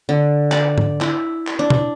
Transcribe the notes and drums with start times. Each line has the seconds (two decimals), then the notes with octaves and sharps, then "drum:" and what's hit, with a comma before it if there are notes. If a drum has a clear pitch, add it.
0.09 D3
0.52 D5, drum: clap
0.78 drum: tom G#2
1.01 E4, drum: clap
1.47 drum: clap
1.59 D4
1.70 drum: tom